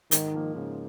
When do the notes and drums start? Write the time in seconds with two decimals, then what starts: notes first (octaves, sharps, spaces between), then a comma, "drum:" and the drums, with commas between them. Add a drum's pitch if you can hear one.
0.11 G#2 D#3, drum: hi-hat
0.34 F3 A#3
0.55 G#2 C#3